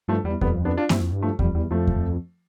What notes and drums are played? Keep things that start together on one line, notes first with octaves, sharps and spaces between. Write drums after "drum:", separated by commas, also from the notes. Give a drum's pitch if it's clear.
G2 F3 A3
E2 G3
F2 G3 B3, drum: kick D#2
B3 D4
D4 F4
G2 C4 E4, drum: snare A#3
F2
G2
F3 A3
F2 G3, drum: kick D#2
E2 G3
F2 F3 A3
drum: kick D#2